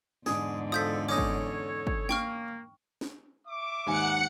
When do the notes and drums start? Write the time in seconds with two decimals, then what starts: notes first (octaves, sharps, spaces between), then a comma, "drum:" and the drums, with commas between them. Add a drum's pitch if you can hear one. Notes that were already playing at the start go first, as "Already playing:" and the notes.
0.26 E2 G#2 D3 G#4, drum: snare
0.72 F3 A4 D#6 G6 B6
1.09 C#4 D#4 A4 C#5 D6
1.18 drum: kick
1.87 drum: kick
2.09 A#3 G5 C#6 F6, drum: snare
3.01 drum: snare
3.47 E5 C#6 D6
3.86 D#2 G#2 D#4 F#5 G#5 C#7